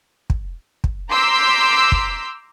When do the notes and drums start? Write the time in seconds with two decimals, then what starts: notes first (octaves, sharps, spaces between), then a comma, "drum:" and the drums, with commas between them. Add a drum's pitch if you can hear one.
0.30 drum: kick
0.84 drum: kick
1.11 A#5 C6 D6 E6 G6 B6
1.92 drum: kick